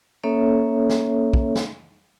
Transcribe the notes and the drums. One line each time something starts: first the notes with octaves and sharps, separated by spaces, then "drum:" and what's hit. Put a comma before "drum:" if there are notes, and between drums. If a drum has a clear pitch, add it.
A#3 C#4 A4 C#5 E5
drum: snare
drum: kick
drum: snare